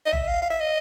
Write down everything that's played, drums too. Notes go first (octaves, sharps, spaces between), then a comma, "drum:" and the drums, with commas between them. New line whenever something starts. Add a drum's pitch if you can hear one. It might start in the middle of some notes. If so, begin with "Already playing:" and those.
D#5
E5, drum: tom A#1
F5
F5
E5
D#5